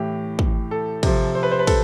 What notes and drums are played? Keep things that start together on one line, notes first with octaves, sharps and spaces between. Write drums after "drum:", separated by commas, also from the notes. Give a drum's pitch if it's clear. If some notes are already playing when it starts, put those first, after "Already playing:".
Already playing: A2 E3 G4
drum: kick
A4
C3 F3, drum: kick, cymbal
C5
B4
C5
B4
A4, drum: kick, cymbal